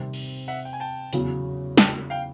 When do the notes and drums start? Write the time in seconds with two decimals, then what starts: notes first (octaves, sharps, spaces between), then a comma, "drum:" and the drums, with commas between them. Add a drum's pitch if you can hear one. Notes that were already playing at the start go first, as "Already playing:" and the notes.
Already playing: C3 D#3 G3 C4
0.13 drum: cymbal
0.48 E5 F#5
0.65 G5
0.73 G#5
0.80 G5 A5
1.13 E2 C#3 F#3, drum: hi-hat
1.78 G5 A5, drum: snare
2.10 F5 G5